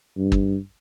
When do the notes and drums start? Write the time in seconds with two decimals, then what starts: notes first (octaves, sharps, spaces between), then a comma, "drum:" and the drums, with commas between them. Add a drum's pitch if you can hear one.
0.17 G2
0.32 drum: kick